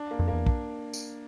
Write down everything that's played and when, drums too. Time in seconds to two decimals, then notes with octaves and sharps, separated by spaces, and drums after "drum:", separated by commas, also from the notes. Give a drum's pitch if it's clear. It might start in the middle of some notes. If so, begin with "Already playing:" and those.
Already playing: D4
0.11 A#3
0.19 F2
0.28 A#3
0.33 E2
0.46 D4, drum: kick
0.93 drum: tambourine